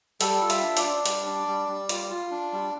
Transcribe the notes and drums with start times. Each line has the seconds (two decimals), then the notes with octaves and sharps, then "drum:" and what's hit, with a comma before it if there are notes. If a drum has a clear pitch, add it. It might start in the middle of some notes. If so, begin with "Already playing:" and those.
0.21 G3 A4, drum: hi-hat
0.42 F4
0.50 E5, drum: hi-hat
0.63 D4
0.77 D5, drum: hi-hat
0.85 D4
1.06 G3, drum: hi-hat
1.26 D4
1.48 G3
1.69 G3
1.89 F4, drum: hi-hat
2.10 F4
2.31 D4
2.53 G3